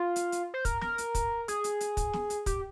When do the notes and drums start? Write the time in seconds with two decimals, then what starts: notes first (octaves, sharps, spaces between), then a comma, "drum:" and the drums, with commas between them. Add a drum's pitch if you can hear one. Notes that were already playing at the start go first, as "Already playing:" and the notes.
Already playing: F4
0.16 drum: hi-hat
0.32 drum: hi-hat
0.54 C5
0.65 A#4, drum: kick, hi-hat
0.81 A#4, drum: snare
0.98 drum: hi-hat
1.15 drum: kick, hi-hat
1.48 G#4, drum: hi-hat
1.64 drum: hi-hat
1.80 drum: hi-hat
1.97 drum: kick, hi-hat
2.13 drum: snare
2.30 drum: hi-hat
2.46 G4, drum: kick, hi-hat